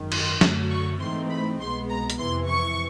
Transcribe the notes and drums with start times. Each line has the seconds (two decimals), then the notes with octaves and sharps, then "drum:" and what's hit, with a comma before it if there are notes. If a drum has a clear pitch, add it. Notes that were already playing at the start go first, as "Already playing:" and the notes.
Already playing: G#1 F#2 D#3
0.12 C6, drum: cymbal
0.41 F#2 D3 F#3 A3 C#6, drum: snare
0.70 C#6
1.00 G#2 E3 A3 C4 D#4 C6
1.30 B5
1.60 C2 B2 G#3 B3 C6
1.90 A#5
2.10 drum: hi-hat
2.19 F2 C3 E3 C6
2.49 C#6